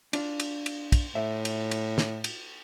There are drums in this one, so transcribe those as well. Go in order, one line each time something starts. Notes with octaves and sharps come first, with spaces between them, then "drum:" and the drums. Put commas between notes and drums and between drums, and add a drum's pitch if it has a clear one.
D4 F4, drum: cymbal
drum: cymbal
drum: cymbal
drum: kick, cymbal
A2 E5
drum: cymbal
drum: cymbal
drum: snare
drum: cymbal